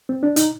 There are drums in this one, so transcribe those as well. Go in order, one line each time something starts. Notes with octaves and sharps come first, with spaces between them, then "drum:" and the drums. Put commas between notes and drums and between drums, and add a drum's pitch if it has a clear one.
C4
D4
D#4, drum: hi-hat